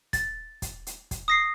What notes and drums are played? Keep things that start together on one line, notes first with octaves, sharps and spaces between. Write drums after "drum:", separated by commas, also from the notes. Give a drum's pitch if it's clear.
A6, drum: kick, hi-hat
drum: kick, hi-hat
drum: hi-hat
drum: kick, hi-hat
D#6 A#6 C7